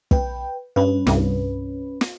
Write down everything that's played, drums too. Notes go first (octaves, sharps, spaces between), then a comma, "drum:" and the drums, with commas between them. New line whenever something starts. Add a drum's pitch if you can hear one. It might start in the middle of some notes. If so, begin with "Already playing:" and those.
B4 G5, drum: kick
G2 C#4 B4
C2 G2, drum: snare
drum: snare